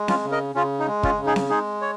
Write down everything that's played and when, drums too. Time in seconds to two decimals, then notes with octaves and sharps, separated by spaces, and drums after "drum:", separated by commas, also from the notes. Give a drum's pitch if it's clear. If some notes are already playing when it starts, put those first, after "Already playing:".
Already playing: G#3
0.08 C#4 F4, drum: snare C4
0.24 C#3
0.31 A#4 D#5
0.55 C#3 C#4 F4
0.79 D#4
0.88 G#3
1.03 C#4 F4, drum: kick
1.18 C#3
1.26 D#4 G#4
1.36 drum: snare C4
1.49 G#3 D#4 G#4
1.82 C#5